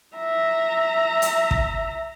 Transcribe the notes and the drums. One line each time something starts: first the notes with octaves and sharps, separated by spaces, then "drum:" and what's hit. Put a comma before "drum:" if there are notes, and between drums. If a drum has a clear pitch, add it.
E5 A#5
drum: hi-hat
drum: kick